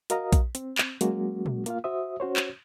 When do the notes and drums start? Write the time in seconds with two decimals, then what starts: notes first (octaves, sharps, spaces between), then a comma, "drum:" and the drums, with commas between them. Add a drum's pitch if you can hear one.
0.10 F#4 A#4 D#5 F5 A#5 D#6, drum: hi-hat
0.32 drum: kick A#1, hi-hat
0.55 C4, drum: hi-hat
0.78 drum: clap
1.01 F#3 G#3 A#3 C#4 F#4, drum: hi-hat
1.46 drum: tom A#2
1.66 A#3 F4 F5, drum: hi-hat
1.84 F#4 C5 E5 D#6
2.20 C#4 F#4 C5 C#5
2.36 drum: clap